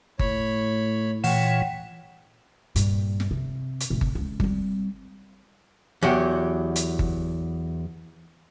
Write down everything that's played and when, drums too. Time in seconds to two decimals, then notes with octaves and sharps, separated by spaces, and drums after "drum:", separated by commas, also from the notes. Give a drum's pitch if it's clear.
0.19 A2 C#5 B5, drum: kick G1
1.24 A#2 E3 F4 C#5 F#5 G5 C#6, drum: open hi-hat
2.76 G2 A#2, drum: hi-hat
3.20 drum: snare
3.31 C3
3.80 drum: hi-hat
3.90 A2 C3
4.01 drum: kick G1
4.15 C#2
4.40 G3 C4, drum: kick G1
6.03 E2 F#3 F#4 G4
6.76 drum: hi-hat
6.99 drum: kick G1